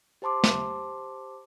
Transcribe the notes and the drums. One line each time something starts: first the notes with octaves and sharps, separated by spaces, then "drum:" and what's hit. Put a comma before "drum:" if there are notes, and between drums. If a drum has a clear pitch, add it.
G4 C5 A5 C6 D6
drum: snare